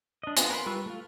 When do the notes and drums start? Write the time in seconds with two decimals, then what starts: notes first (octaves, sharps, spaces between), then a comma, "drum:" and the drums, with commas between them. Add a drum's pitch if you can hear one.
0.23 D4 D#5
0.37 B3 F4 C5 D#5, drum: hi-hat
0.50 A#4 B4 C#5 B5 C6
0.66 G3 F4 B4 C#6 E6
0.86 A3 F4